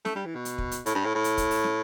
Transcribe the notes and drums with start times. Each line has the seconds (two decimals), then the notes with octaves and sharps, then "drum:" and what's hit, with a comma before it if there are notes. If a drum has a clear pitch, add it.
0.05 A3, drum: snare
0.16 G3
0.26 E3
0.35 B2
0.45 drum: hi-hat
0.58 drum: kick
0.71 drum: hi-hat
0.86 A2, drum: hi-hat
0.95 G2
1.04 A2
1.15 A2
1.24 drum: hi-hat
1.37 drum: kick, hi-hat
1.51 drum: open hi-hat
1.64 drum: snare